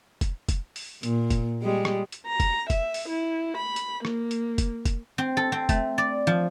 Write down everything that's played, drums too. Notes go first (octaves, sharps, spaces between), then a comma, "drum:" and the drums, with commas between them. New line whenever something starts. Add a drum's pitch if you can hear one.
drum: kick, hi-hat
drum: kick, hi-hat
drum: open hi-hat
A#2, drum: hi-hat
drum: kick, hi-hat
G3 G#3
drum: rim click
drum: hi-hat
A#5
drum: kick, hi-hat
E5, drum: kick, hi-hat
drum: open hi-hat
E4
B5
drum: hi-hat
A#3, drum: rim click
drum: hi-hat
drum: kick, hi-hat
drum: kick, hi-hat
C4
A4
C4
A3, drum: kick, hi-hat
D5
F3